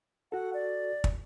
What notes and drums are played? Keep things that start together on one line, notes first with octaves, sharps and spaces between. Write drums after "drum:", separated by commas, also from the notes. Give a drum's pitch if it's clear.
F#4 A4 F#5
D5
drum: kick